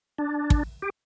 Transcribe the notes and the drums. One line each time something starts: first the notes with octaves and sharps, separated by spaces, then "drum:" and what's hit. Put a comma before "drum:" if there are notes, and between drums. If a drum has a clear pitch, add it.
D4
drum: kick
G4